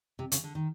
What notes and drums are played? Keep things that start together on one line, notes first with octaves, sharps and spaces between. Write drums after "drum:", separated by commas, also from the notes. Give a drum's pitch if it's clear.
C3
C#3, drum: hi-hat
D3
D#3